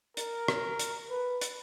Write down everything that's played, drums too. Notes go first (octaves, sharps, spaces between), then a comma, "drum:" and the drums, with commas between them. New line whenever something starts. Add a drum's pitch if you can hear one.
A#4, drum: hi-hat
drum: rim click
drum: hi-hat
B4
drum: hi-hat